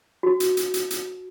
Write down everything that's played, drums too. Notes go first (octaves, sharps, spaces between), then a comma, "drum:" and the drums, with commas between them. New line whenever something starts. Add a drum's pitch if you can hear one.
F#4
drum: hi-hat
drum: hi-hat
drum: hi-hat
drum: hi-hat